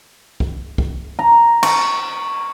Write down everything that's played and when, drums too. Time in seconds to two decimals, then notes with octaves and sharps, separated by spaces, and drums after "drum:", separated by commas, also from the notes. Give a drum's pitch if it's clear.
0.40 drum: kick
0.78 drum: kick
1.19 A#5
1.63 C#6, drum: cymbal